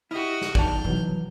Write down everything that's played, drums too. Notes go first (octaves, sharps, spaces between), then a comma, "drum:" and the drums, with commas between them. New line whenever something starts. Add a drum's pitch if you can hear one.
E4 F#4 G4 D#5 D#6 F6
drum: snare
B1 D#3 D5 A5 F6 G6, drum: kick
C2 B2 E3 F#3